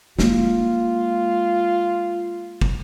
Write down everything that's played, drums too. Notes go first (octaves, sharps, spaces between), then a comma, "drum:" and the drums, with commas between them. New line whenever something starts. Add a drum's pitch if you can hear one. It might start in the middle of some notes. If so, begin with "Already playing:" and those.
G#3 A#3 F4, drum: snare
drum: kick